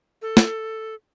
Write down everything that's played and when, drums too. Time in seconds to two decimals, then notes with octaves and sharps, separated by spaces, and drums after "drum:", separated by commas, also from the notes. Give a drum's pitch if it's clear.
0.22 A4
0.37 drum: snare